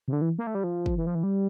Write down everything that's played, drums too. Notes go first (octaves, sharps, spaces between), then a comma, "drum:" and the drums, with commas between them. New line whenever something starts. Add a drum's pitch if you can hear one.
C3
D3
E3
A#3
A3
G3
F3
drum: kick
E3
F3
E3
G3